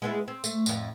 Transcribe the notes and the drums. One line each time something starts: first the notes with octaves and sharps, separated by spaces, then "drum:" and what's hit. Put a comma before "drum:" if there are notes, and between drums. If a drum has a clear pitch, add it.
G#3 B3 E4
C4
A3, drum: tambourine
F2 A2, drum: tambourine